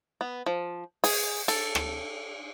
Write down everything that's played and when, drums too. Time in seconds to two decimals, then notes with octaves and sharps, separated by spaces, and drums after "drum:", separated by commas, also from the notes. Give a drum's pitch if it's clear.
0.21 B3
0.46 F3
1.04 G#4, drum: open hi-hat
1.48 A4, drum: cymbal
1.75 drum: rim click